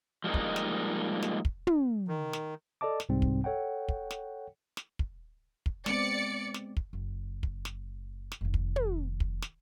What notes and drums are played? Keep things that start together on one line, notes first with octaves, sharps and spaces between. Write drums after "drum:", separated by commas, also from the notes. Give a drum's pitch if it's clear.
F3 G3 G#3 A#3 D#4
drum: kick
drum: snare
drum: snare
drum: kick
drum: tom
D#3
drum: snare
A4 D5 D#5 A5 D6
drum: snare
C2 G#2 C3 G3 C4
drum: kick
A4 C#5 F#5 G5
drum: kick
drum: snare
drum: snare
drum: kick
drum: kick
G#3 B3 C4 D5 C#7, drum: snare
drum: snare
drum: kick
F#1
drum: kick
drum: snare
drum: snare
F1 D#3
drum: kick
drum: tom
drum: kick
drum: snare